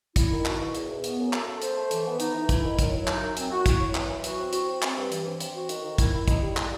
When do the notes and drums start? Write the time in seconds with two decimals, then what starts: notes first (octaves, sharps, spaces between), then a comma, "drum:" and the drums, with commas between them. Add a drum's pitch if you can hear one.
0.16 E4, drum: kick, hi-hat
0.31 D#3
0.45 F#4, drum: clap
0.60 B2
0.75 E2, drum: hi-hat
0.90 E2
1.04 B3, drum: hi-hat
1.19 F#2
1.33 A4, drum: clap
1.48 A4
1.62 C5, drum: hi-hat
1.76 A3
1.91 E3, drum: hi-hat
2.06 B3
2.20 D#4, drum: hi-hat
2.34 E3
2.49 E4, drum: kick, hi-hat
2.63 D#3
2.79 F#3, drum: kick, hi-hat
2.93 F#3
3.07 D#4, drum: clap
3.21 F#2
3.37 C4, drum: hi-hat
3.51 F#4
3.66 E4, drum: kick, hi-hat
3.80 F#3
3.95 E3, drum: clap
4.09 E3
4.24 F#4, drum: hi-hat
4.39 C4
4.53 F#4, drum: hi-hat
4.67 C4
4.82 C4, drum: clap
4.96 G2
5.12 E3, drum: hi-hat
5.26 C4
5.40 C4, drum: hi-hat
5.55 F#4
5.69 D#3, drum: hi-hat
5.84 D#3
5.98 E4, drum: kick, hi-hat
6.13 E4
6.28 D#4, drum: kick, hi-hat
6.42 G3
6.57 G3, drum: clap